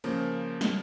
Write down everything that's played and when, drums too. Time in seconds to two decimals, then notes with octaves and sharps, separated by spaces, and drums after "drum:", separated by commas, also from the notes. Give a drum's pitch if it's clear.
0.04 C#3 F3 A#3, drum: open hi-hat
0.61 drum: snare